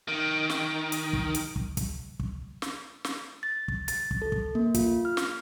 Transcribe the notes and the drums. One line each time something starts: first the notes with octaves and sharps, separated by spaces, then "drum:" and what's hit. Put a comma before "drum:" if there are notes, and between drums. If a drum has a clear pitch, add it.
D#3
drum: snare
drum: hi-hat
drum: kick
drum: hi-hat
drum: kick
drum: kick, hi-hat
drum: kick
drum: snare
drum: snare
A6
drum: kick
A6, drum: hi-hat
drum: kick
A4
drum: kick
A#3
F4, drum: kick, hi-hat
F6
drum: snare